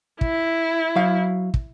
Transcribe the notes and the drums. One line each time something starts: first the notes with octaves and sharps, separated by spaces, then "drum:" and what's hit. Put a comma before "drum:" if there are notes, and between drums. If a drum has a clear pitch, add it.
E4, drum: kick
F#3 F5
drum: kick